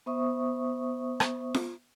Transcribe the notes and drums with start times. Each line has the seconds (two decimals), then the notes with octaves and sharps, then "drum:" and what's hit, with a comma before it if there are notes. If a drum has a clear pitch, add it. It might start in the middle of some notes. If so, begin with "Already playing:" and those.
0.06 B3 C5 E5 C#6 D#6
1.20 drum: rim click
1.54 drum: snare F4